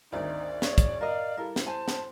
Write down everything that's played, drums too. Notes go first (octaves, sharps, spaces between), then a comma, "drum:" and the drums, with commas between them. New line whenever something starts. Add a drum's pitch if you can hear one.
G#1 D2 D#4 D5
G#4 C#5, drum: snare
drum: kick, hi-hat
A#4 D#5 F5
G3 E4 A4 A#4
drum: snare
C5 G#5 A5
drum: snare